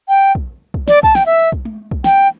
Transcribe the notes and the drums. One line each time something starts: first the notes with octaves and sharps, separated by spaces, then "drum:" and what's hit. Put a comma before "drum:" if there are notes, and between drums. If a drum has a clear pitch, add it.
G5
drum: kick
drum: kick
D5, drum: snare
A5, drum: kick
G5, drum: snare
E5
drum: kick
drum: tom G#3
drum: kick
G5, drum: snare